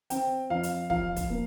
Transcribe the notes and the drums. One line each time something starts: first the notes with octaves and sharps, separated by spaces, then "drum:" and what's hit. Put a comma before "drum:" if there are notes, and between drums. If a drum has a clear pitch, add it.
C4 G5, drum: hi-hat
F2 F5
drum: hi-hat
F3 F5, drum: kick
drum: kick, hi-hat
A#3